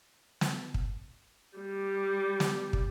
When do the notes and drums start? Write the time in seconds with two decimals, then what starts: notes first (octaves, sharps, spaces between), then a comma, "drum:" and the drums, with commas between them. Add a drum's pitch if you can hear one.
0.41 drum: snare
0.74 drum: kick
1.57 G3
2.40 drum: snare
2.73 drum: kick